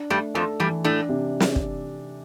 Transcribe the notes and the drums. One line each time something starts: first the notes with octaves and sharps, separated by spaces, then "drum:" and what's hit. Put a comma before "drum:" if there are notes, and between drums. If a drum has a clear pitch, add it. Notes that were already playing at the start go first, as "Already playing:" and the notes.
Already playing: D4
G2 G3 A3
F2 F3 A4
G2 E3 G3
A2 A3 D4
C3
drum: snare
drum: kick